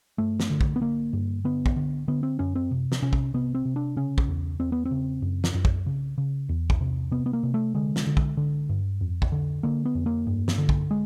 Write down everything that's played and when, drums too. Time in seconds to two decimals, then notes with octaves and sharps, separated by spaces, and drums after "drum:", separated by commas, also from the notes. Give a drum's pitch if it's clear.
0.18 G2 A3
0.40 drum: snare
0.50 D3
0.61 drum: kick
0.76 B3
0.81 D3 A#3
1.13 G2
1.44 D3 B3
1.66 drum: kick
1.76 D3
2.08 D3 B3
2.23 C4
2.39 F#2 C#4
2.55 C4
2.71 C3
2.92 drum: snare
3.02 C3 C#4
3.13 drum: kick
3.34 C3 B3
3.55 C4
3.65 C3
3.76 D4
3.96 C#3 C#4
4.18 drum: kick
4.28 E2
4.60 E2 C4
4.72 B3
4.85 C4
4.91 C#3
5.22 F#2
5.44 drum: snare
5.54 F#2
5.65 drum: kick
5.86 C#3
6.18 C#3
6.49 E2
6.70 drum: kick
6.81 C3
7.11 C3 B3
7.26 B3
7.33 A#3
7.43 C3
7.54 A3
7.74 D3 G#3
7.96 drum: snare
8.07 D3
8.17 drum: kick
8.37 D3
8.69 G2
9.01 F2
9.22 drum: kick
9.32 D3
9.63 D3 A#3
9.85 B3
9.95 F2
10.06 A#3
10.27 G2
10.48 drum: snare
10.58 D3
10.69 drum: kick
10.91 G#3